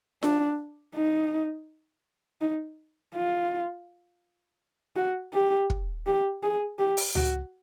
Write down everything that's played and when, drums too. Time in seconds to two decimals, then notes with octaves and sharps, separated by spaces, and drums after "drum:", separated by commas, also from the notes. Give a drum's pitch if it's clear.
0.23 D4, drum: snare F4
0.95 D#4
2.41 D#4
3.15 F4
4.96 F#4
5.33 G4
5.70 drum: kick
6.07 G4
6.43 G#4
6.79 G4
6.97 drum: open hi-hat
7.15 F#4, drum: tom C#2